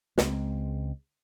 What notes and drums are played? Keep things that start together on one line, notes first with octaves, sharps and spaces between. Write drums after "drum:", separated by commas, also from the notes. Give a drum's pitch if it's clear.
C#2 G#3 C4, drum: snare